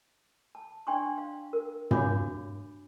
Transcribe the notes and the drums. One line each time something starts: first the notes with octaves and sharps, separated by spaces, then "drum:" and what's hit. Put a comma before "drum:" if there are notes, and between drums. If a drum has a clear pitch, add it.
A5
D4 D5 G5 G#5 C6 C#6
F5
A#4
D4 F#4 C#5 B5 D6, drum: tom